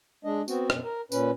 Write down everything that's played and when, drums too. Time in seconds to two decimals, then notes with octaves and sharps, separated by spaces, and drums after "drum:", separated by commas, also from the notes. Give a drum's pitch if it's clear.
0.25 G#3 D4 D#5
0.48 B3 C4 F#4, drum: tambourine
0.70 F#2 B2, drum: rim click
0.84 A#4
1.12 A#2 C#4 B4, drum: tambourine